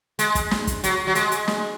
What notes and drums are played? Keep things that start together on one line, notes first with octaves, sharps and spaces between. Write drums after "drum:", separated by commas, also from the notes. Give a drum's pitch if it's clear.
G#3, drum: hi-hat
drum: kick, hi-hat
drum: snare
drum: kick, hi-hat
F#3, drum: hi-hat
F#3
G#3, drum: hi-hat
drum: hi-hat
drum: snare